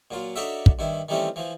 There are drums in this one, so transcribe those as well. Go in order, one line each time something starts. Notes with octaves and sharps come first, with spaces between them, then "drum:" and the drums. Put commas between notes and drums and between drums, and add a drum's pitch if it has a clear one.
A#2 F#3 F4
D4 D#4 F#4 A4 C#5 E5
drum: kick
G2 D#3 E4
D#3 E3 G3 A3 C4 C#4
E3 F3